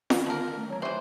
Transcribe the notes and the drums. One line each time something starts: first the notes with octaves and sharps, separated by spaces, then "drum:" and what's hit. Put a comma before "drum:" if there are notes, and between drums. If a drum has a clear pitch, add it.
D#3, drum: snare
D3 F3 A#4
A3
F#3 C#5 A#5
E3 G4 C5 C#5 E5 C#6